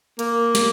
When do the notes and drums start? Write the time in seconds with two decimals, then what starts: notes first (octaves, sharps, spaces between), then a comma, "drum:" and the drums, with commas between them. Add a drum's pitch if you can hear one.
0.19 A#3, drum: hi-hat
0.55 drum: snare